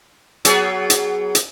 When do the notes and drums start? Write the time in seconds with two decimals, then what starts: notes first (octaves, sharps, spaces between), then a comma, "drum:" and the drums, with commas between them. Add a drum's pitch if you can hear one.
0.45 F#3 B3 G#4, drum: hi-hat
0.90 drum: hi-hat
1.35 drum: hi-hat